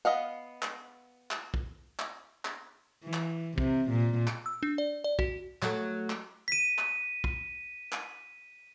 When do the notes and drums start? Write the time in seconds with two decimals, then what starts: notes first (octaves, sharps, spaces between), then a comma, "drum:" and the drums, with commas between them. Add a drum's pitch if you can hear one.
0.05 B3 D#5 F5 F#5
0.62 drum: clap
1.31 drum: clap
1.54 drum: kick
1.99 drum: clap
2.45 drum: clap
3.04 E3
3.13 drum: clap
3.58 C3, drum: kick
3.90 A#2
4.27 drum: clap
4.46 E6
4.63 D4
4.78 D5
5.04 D5
5.19 F#4, drum: kick
5.62 F#3 A3, drum: clap
6.10 drum: clap
6.48 B6 D#7
6.78 drum: clap
7.24 drum: kick
7.92 drum: clap